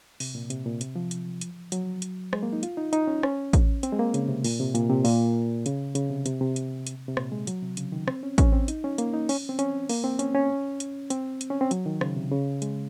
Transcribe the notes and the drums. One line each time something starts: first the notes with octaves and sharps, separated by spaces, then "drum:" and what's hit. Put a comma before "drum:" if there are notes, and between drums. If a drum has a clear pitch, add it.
C3, drum: open hi-hat
A#2
C3, drum: hi-hat
A#2
C3, drum: hi-hat
F3
drum: hi-hat
drum: hi-hat
F#3, drum: hi-hat
drum: hi-hat
G#3, drum: rim click
A#3
D#4
F4, drum: hi-hat
D#4
D#4, drum: hi-hat
C#4
C#4, drum: rim click
drum: kick A1, hi-hat
C4, drum: hi-hat
G#3
A#3
C#3, drum: hi-hat
C3
A#2, drum: open hi-hat
C3
A#2, drum: hi-hat
C3
A#2, drum: open hi-hat
C#3, drum: hi-hat
C#3, drum: hi-hat
C3
C3, drum: hi-hat
C3
drum: hi-hat
drum: hi-hat
C3
A#2, drum: rim click
G#3
F#3, drum: hi-hat
C3
C#3, drum: hi-hat
D#3
C4, drum: rim click
C#4
C#4, drum: kick A1, hi-hat
C4
D#4, drum: hi-hat
C#4
A#3, drum: hi-hat
D#4
C#4, drum: open hi-hat
C4
C#4, drum: hi-hat
A#3, drum: open hi-hat
C4
C#4, drum: hi-hat
C#4
drum: hi-hat
C4, drum: hi-hat
drum: hi-hat
C#4
C4
F#3, drum: hi-hat
D#3
C#3, drum: rim click
C3
C#3
G#3, drum: hi-hat